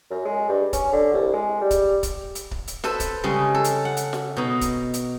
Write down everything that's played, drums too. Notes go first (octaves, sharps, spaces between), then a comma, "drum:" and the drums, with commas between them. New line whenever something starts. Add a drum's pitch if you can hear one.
F#2
G#3
G2
C#4, drum: kick C#1, hi-hat
D3
C2
G#3
G3
drum: kick C#1, hi-hat
drum: kick C#1, hi-hat
drum: hi-hat
drum: kick C#1
drum: hi-hat
A4 B4 C5, drum: snare
drum: kick C#1, hi-hat
C#3 G3 G#3
A4
drum: hi-hat
F#5
drum: hi-hat
drum: snare
B2 D#4
drum: kick C#1, hi-hat
drum: hi-hat